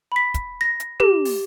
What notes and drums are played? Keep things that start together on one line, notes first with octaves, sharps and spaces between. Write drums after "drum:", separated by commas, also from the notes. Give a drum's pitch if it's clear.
B5 B6
drum: kick, hi-hat
A#6
drum: hi-hat
G4, drum: tom
drum: open hi-hat